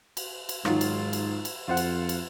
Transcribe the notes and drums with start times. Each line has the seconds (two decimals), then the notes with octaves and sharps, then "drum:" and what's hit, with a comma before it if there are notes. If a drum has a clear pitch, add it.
0.17 drum: cymbal
0.49 drum: cymbal
0.65 G#2 D#3 F#3 F4, drum: rim click
0.81 drum: cymbal
1.13 drum: cymbal
1.45 drum: cymbal
1.68 F2 F4 C5 F#5
1.77 drum: cymbal
2.09 drum: cymbal